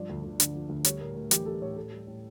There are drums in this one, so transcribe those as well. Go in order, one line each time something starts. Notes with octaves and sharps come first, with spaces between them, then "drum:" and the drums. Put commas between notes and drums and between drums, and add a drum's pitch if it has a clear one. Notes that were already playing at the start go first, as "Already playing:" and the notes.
Already playing: G2 F3 D5
D2
D2
D3, drum: hi-hat
F3
D2
G3 C#5, drum: hi-hat
A2 A#4
A2 A#4
E3 G4, drum: hi-hat
G3 A4
A2 C#5
A2 A4
G3
A2